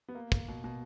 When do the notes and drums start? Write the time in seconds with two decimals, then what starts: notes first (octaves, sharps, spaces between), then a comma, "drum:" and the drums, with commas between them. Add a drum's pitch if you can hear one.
0.08 B3
0.15 A#3
0.32 drum: kick
0.48 B2
0.64 B2